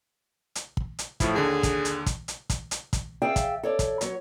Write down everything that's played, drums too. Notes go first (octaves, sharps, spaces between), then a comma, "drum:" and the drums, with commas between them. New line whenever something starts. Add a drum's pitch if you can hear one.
drum: hi-hat
drum: kick
drum: hi-hat
A2 F3 E4, drum: kick, hi-hat
D#2 D3 G#4
drum: kick, hi-hat
drum: hi-hat
drum: kick, hi-hat
drum: hi-hat
drum: kick, hi-hat
drum: hi-hat
drum: kick, hi-hat
G#4 D5 E5 F5 G5
drum: kick, hi-hat
A4 C#5 D5
drum: kick, hi-hat
F#3 B3 C#5, drum: hi-hat